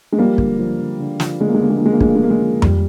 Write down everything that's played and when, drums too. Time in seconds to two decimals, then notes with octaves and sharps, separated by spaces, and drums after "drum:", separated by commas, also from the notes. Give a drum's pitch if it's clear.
0.12 G#3
0.18 F3 G3 A#3
0.38 D3, drum: kick
0.59 F3
0.79 D3
1.00 D3
1.20 F3, drum: snare
1.40 D3 G#3
1.48 A#3
1.54 G#3
1.60 D3 A#3
1.70 G#3
1.77 A#3
1.81 F3
1.86 G#3
1.92 A#3
2.00 F3 G#3, drum: kick
2.08 A#3
2.15 G#3
2.22 D3 A#3
2.30 G#3
2.42 F3
2.62 G3, drum: tom F2